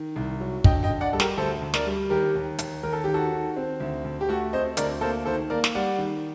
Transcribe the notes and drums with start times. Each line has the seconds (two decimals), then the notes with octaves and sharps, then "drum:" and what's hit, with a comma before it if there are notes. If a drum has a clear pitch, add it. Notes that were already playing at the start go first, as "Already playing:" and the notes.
Already playing: D#3
0.16 C2
0.40 F#3
0.64 D3 D#5 G5, drum: kick
0.83 D#5 G5
0.89 D3
1.01 D5 F#5
1.13 G3 A4
1.20 G4 A#4, drum: snare
1.37 D2 A4 C5
1.62 D2
1.74 A#4 D5, drum: snare
1.86 G3
2.10 D#2 G4 A#4
2.35 D#2
2.59 D#2, drum: hi-hat
2.83 D#2 A#4
2.93 A4
3.04 D#3 G4
3.14 F#4 A4
3.32 D#3
3.57 C4
3.80 D2
4.05 D2
4.21 G4
4.29 A3 F#4
4.53 C4 C5 D#5
4.77 D2 A#4 D5, drum: hi-hat
5.01 A#3 A4 C5
5.25 D#3 A4 C5
5.50 A#3 A#4 D5
5.64 drum: snare
5.75 G3 D5 F#5
5.98 D#3